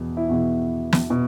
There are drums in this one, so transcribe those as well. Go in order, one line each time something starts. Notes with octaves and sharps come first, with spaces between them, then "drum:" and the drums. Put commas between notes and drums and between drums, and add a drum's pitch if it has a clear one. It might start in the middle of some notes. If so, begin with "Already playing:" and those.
Already playing: E2 B2
E4
E2 B2 F#4
drum: snare
B2